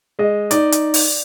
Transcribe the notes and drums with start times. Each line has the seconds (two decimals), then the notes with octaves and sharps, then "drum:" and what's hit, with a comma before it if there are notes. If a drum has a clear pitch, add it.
0.19 G#3 D#5
0.51 D#4 D5, drum: hi-hat
0.72 drum: hi-hat
0.94 drum: open hi-hat